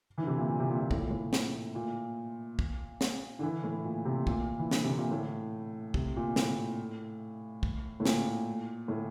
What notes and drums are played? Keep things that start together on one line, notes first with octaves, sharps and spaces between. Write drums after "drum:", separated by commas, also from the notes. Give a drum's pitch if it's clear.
D3 E3
C3
A#2
A#2
C3
A#2
A#2
A2, drum: kick
A#2
A2
drum: snare
A#2
drum: kick
drum: snare
D3
E3
A2
A#2
C3
A#2, drum: kick
E3
D3, drum: snare
C3
A#2
A2
C3, drum: kick
A#2
A2, drum: snare
drum: kick
A2
A#2, drum: snare
A2